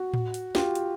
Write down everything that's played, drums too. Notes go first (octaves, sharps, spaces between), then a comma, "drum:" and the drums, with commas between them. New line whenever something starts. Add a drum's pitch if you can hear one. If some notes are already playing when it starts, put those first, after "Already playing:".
Already playing: F#4
drum: tom A2
drum: hi-hat
F4 G4, drum: snare
drum: hi-hat